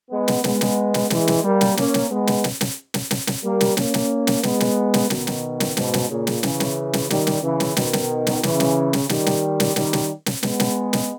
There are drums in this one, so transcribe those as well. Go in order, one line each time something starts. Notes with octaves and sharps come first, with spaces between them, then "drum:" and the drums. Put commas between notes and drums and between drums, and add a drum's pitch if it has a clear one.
G#3 B3
drum: snare
G#3 B3, drum: snare
drum: snare
drum: snare
E3 G#3, drum: snare
drum: snare
G3 A#3
drum: snare
A#3 C#4, drum: snare
drum: snare
G#3 B3
drum: snare
drum: snare
drum: snare
drum: snare
drum: snare
drum: snare
G3 A#3
drum: snare
A#3 C#4, drum: snare
drum: snare
drum: snare
G#3 B3, drum: snare
drum: snare
drum: snare
B2 D#3, drum: snare
drum: snare
drum: snare
G#2 B2, drum: snare
drum: snare
A#2 C#3
drum: snare
C#3 E3, drum: snare
drum: snare
drum: snare
D#3 G3, drum: snare
drum: snare
C#3 E3
drum: snare
B2 D#3, drum: snare
drum: snare
drum: snare
C#3 E3, drum: snare
drum: snare
drum: snare
D#3 G3, drum: snare
drum: snare
drum: snare
D#3 G3, drum: snare
drum: snare
drum: snare
G#3 B3, drum: snare
drum: snare
drum: snare